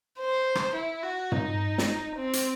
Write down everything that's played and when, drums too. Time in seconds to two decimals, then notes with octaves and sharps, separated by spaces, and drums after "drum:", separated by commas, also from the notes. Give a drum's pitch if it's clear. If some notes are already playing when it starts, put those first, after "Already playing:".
0.19 C5
0.55 drum: rim click
0.75 E4
1.03 F#4
1.32 D#4, drum: tom
1.78 drum: snare
2.16 C4
2.33 drum: hi-hat